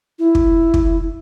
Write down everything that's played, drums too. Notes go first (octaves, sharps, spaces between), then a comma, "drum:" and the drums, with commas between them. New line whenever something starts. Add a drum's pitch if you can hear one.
E4
drum: kick
drum: kick